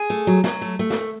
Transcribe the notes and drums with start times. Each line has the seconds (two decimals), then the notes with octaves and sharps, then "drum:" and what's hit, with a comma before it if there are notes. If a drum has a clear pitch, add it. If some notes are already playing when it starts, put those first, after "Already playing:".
Already playing: G#4
0.10 A3
0.27 F#3
0.44 F#3, drum: snare
0.61 A3
0.79 A3
0.90 drum: snare